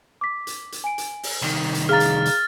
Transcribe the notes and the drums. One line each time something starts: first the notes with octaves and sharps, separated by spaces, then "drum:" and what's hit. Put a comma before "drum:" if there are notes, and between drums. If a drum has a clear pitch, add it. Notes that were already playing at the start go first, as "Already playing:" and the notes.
D6 B6
drum: hi-hat
drum: hi-hat
G#5 D7
drum: hi-hat
drum: open hi-hat
C2 D#3
drum: hi-hat
G#4 F5 A#5 F6 A6
drum: hi-hat
drum: hi-hat